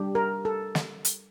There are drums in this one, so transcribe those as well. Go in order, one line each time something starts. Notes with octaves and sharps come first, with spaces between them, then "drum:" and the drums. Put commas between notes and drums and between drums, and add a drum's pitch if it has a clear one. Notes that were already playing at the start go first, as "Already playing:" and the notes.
Already playing: G3 D4 G4
A#4
A4
drum: snare
drum: hi-hat